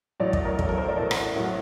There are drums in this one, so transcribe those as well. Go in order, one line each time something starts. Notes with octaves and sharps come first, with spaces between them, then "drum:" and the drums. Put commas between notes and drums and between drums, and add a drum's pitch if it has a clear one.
A1 A2 F#3 D5
D#5, drum: kick
A#4
A1 A2 F#3 A4, drum: kick
A#4
C5
D5
A1 A2 F#3 D#5
F#5, drum: rim click
A1 A2 F#3 F#5